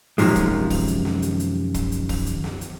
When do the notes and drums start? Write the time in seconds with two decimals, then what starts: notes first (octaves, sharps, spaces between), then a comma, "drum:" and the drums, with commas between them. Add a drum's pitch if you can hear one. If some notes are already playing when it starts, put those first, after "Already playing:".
0.18 F#2 C3 D#3 F3 G#3, drum: open hi-hat
0.36 drum: kick, hi-hat
0.70 drum: kick, open hi-hat
0.88 drum: hi-hat
1.05 drum: snare
1.22 drum: hi-hat
1.40 drum: hi-hat
1.74 drum: kick, hi-hat
1.92 drum: hi-hat
2.09 drum: kick, open hi-hat
2.26 drum: hi-hat
2.44 drum: snare
2.61 drum: hi-hat